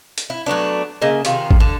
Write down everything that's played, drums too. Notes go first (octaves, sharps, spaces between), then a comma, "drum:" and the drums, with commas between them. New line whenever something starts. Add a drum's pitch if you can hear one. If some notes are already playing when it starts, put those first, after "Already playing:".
drum: hi-hat
E4
F#3 A3 B3 D4
C#3 A#3 D#5 E5
C3 D#3 F4, drum: hi-hat
drum: kick G#1
D3 A4